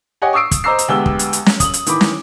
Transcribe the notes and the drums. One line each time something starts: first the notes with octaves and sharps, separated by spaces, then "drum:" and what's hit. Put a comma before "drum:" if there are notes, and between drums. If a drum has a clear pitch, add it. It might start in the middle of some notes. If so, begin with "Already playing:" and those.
G4 C#5 D#5 F#5 G#5
C#6 D#6 E6 C7 D7
drum: kick, hi-hat
C5 D#5 A#5 D6 E6 C7
drum: hi-hat
D2 G#3 B3 G4 E6 G7
drum: kick
drum: hi-hat
drum: hi-hat
drum: snare
D#6 F#7, drum: kick, hi-hat
drum: hi-hat
D#3 E3 B5 D6, drum: hi-hat
drum: snare